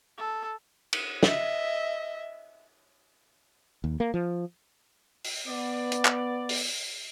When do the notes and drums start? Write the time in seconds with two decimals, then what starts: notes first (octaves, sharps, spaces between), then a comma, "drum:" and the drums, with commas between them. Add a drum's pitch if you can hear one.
0.18 A4
0.93 drum: cymbal
1.23 D#5 E5, drum: snare
3.84 D#2
4.00 A#3
4.14 F3
5.24 drum: open hi-hat
5.48 B3 D5
5.92 drum: hi-hat
6.05 drum: clap
6.49 drum: open hi-hat